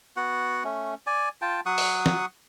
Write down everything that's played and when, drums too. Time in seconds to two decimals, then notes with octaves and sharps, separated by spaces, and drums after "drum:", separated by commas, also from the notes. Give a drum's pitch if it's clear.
0.17 B3 F#4 F#5
0.64 A3 C#4
1.07 D5 G#5
1.42 F4 G5 A5
1.66 F#3 F#5 C#6 D#6
1.78 drum: open hi-hat
2.06 drum: snare